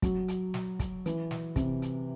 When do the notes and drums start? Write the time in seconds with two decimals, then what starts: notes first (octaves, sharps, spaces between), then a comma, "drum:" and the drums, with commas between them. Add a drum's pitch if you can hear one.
0.02 F#3, drum: kick, hi-hat
0.28 drum: hi-hat
0.54 drum: snare
0.80 drum: kick, hi-hat
1.06 E3, drum: hi-hat
1.31 drum: snare
1.56 C3, drum: kick, hi-hat
1.82 drum: hi-hat